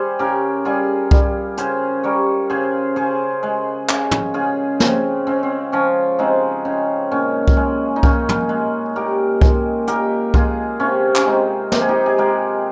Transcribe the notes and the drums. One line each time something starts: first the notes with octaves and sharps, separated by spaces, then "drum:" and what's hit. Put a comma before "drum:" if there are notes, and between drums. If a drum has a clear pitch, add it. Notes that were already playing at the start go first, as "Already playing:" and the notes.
Already playing: G3 G#4 C5
C#3 G4 A#4
G3 F4 G#4
G3, drum: kick C2
C#3 G#4 C5, drum: hi-hat
G3 A#4 C#5
C#3 G#4 C5
C#3 G#4 C5
G#3
C#3, drum: clap
drum: tom
C#3 F4 G#4
C#3 C4, drum: snare
C#3 C4
C4
F3 C#4
G#3 C4 D#4
C#3
A#2 C#4
drum: kick C2
G#3
D#4
A#2 C#4, drum: kick C2
drum: tom
G#3
A#2 G4 A#4
G#3, drum: kick C2
A#2 G4 A#4, drum: hi-hat
G#3 F4 G#4, drum: kick C2
C3 C#4 F4
C#4, drum: clap
G#3 C4 D#4
C3 G4, drum: snare
G#4
D#4 G4
G#4
G#3 G4 A#4